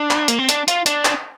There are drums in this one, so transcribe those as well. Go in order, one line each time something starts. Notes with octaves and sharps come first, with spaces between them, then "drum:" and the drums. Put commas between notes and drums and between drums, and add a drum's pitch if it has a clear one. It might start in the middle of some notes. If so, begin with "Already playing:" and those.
Already playing: D4
drum: clap
A#3, drum: hi-hat
C4
D4, drum: hi-hat
F4, drum: hi-hat
D4, drum: hi-hat
drum: clap